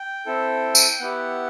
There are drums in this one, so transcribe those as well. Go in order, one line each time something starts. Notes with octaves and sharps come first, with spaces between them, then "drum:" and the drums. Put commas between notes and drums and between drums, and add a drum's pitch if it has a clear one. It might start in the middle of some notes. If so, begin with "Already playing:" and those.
Already playing: G5
C4 E4 A4
drum: tambourine
B3 E4 G4 F#5